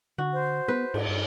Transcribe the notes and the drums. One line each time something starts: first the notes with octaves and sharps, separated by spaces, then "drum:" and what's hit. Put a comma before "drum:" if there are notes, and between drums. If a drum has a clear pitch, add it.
D3 F#4
C5
B3 B4
G#2, drum: cymbal
G2